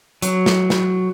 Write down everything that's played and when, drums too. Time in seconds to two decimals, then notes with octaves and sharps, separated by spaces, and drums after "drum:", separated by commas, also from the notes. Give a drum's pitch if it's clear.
0.22 F#3, drum: hi-hat
0.46 drum: snare
0.70 drum: snare